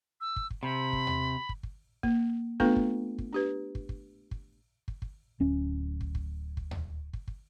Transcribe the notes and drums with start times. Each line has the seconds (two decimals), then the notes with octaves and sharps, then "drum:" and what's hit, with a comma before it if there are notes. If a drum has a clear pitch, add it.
0.21 E6
0.36 drum: kick
0.50 drum: kick
0.63 C3 B5
0.93 drum: kick
1.07 drum: tom D#2
1.49 drum: kick
1.63 drum: kick
2.03 A#3, drum: kick
2.60 A3 B3 D4 F4 A4 B4, drum: kick
2.76 drum: kick
3.18 drum: kick
3.33 D4 G4 B4
3.75 drum: kick
3.89 drum: kick
4.31 drum: kick
4.88 drum: kick
5.02 drum: kick
5.40 D1 C#4
6.01 drum: kick
6.15 drum: kick
6.57 drum: kick
6.71 drum: tom D#2
7.13 drum: kick
7.28 drum: kick